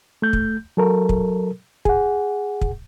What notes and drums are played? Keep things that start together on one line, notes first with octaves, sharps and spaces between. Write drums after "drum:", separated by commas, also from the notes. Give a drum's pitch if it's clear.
A3 G6
drum: kick
F#3 A4 A#4
drum: kick
G#4 F#5, drum: kick
drum: kick